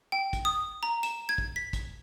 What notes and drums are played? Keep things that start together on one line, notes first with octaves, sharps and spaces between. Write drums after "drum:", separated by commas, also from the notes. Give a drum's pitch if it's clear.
G5
drum: kick, hi-hat
D#6
A#5
E7, drum: hi-hat
G#6
drum: kick
B6
drum: kick, hi-hat